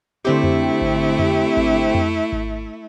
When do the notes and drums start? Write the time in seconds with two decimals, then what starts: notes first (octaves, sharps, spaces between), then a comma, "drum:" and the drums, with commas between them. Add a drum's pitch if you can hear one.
0.25 D3 A3 C4 E4 G4
0.44 drum: tom F2
0.81 drum: kick G#1
1.19 drum: tom F2
1.57 drum: kick G#1
1.95 drum: tom F2
2.32 drum: kick G#1